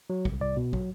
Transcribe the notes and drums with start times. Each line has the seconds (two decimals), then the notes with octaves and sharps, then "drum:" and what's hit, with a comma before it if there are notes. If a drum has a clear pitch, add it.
0.10 F#3
0.25 C2, drum: kick
0.41 C2 D5
0.56 B2
0.73 F#3, drum: kick